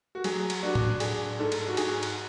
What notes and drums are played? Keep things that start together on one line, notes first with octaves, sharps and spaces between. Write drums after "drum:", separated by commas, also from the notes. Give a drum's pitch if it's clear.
F#4
F#3 G#4, drum: cymbal
drum: cymbal
D4 F#4
drum: tom A2
D4 G#4, drum: cymbal
G#2 A4
drum: cymbal
F#4
G#2 G#4, drum: cymbal
drum: cymbal